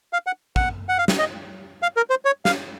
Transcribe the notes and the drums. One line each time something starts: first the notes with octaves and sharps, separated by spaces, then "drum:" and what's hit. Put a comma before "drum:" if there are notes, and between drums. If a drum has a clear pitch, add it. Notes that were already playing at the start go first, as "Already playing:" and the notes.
F5
F#5
F#5, drum: kick
F#5
F5
drum: snare
D#5
F5
A#4
C5
C#5
F5, drum: snare